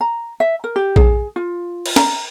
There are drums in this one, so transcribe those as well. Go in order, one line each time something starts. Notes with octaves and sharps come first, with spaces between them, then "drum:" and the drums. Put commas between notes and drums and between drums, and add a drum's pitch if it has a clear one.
A#5
E5
A#4
G4
G#4, drum: kick
F4
drum: cymbal
A#5, drum: snare